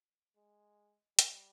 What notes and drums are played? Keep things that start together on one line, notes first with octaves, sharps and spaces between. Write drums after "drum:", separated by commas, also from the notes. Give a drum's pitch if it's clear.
G#3
G3, drum: hi-hat